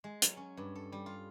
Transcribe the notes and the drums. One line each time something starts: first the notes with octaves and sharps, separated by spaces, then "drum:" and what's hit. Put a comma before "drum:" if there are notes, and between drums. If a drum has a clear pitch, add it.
G#3
F#3, drum: hi-hat
C#4
G2
A4
G3
F4